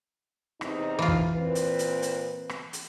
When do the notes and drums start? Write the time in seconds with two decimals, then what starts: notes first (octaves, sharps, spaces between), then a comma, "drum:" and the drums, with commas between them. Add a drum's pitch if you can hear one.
0.61 E2 C3 D#4, drum: rim click
0.99 E3 F4
1.08 drum: kick
1.35 A#2 C4 B4
1.55 drum: hi-hat
1.79 drum: hi-hat
2.02 drum: hi-hat
2.49 drum: rim click
2.73 drum: hi-hat